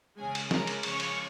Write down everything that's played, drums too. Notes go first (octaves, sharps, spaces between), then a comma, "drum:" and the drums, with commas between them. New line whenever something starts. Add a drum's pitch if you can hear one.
C#3 G#3 C#4 G#4 G#5
drum: cymbal
C#3 G#3 C#4 A#4 A#5, drum: snare
drum: cymbal
C#3 F3 G#3 C#4 C#5 C#6, drum: cymbal
drum: cymbal